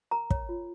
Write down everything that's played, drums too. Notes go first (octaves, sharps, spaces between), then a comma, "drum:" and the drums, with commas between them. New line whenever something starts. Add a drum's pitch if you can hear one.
A#4 A#5
C#5, drum: kick
F4